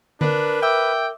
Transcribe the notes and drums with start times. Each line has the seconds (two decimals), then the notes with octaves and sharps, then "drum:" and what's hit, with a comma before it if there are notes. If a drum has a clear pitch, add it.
0.21 D4 A#4 B4, drum: tom D3
0.63 E5 G5 D6 E6